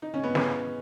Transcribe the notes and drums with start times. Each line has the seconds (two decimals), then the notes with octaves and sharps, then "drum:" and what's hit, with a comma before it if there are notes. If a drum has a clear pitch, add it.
0.02 D#4
0.14 C#4
0.23 B3
0.35 C#4, drum: snare